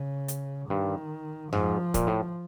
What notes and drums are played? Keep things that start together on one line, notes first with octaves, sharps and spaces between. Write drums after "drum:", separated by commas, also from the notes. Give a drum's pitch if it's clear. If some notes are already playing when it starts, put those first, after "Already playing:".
Already playing: C#3
drum: hi-hat
G2 D#3
G#2 F3, drum: tom F2
A#2, drum: kick, hi-hat
A2